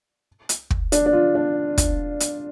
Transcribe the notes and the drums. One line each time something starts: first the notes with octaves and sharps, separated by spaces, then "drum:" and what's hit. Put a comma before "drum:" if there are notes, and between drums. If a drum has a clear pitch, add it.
drum: hi-hat
drum: kick
D4, drum: hi-hat
D4
F4
D4
drum: kick, hi-hat
drum: hi-hat